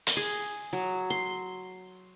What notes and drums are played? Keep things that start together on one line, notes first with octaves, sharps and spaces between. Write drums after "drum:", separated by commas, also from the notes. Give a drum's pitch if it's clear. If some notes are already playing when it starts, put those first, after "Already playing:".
drum: hi-hat
G#4
F#3
C6